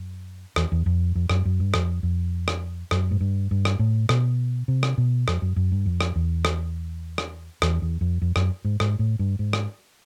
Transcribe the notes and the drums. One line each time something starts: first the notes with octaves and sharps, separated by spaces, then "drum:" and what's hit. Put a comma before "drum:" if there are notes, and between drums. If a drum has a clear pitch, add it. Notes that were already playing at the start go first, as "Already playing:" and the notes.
Already playing: F#2
E2, drum: rim click
E2
F2
F2
F#2, drum: rim click
F#2
G2
F2, drum: rim click
F2
drum: rim click
F#2, drum: rim click
G#2
G2
G2
drum: rim click
A2
B2, drum: rim click
C3
drum: rim click
B2
F2, drum: rim click
F#2
F#2
G2
F2
drum: rim click
E2
drum: rim click
drum: rim click
E2, drum: rim click
E2
F2
F2
F#2, drum: rim click
G#2
G#2, drum: rim click
A2
G2
G#2
drum: rim click